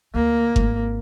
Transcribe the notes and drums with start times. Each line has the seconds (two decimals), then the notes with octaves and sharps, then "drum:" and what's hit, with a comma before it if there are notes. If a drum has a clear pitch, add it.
0.15 D2 A#3
0.56 G#1 C4, drum: kick F#1